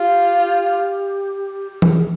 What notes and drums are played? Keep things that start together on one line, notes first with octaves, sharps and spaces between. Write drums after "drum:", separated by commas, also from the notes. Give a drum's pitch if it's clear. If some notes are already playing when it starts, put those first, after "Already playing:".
Already playing: F4 G4
G4
G#4, drum: tom E3
G4
G#4